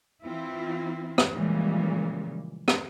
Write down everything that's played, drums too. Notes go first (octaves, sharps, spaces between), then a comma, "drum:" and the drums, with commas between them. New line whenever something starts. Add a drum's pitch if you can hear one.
E3 C4 E4 F4
drum: rim click
A#2 C#3 E3 F3 G3 G#3
drum: rim click